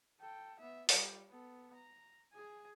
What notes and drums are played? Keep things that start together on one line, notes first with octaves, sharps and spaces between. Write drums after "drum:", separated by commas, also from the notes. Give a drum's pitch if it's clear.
A4 G5
B3 E5
G3 F4, drum: open hi-hat
B3 A4
A#5
G#4 G#5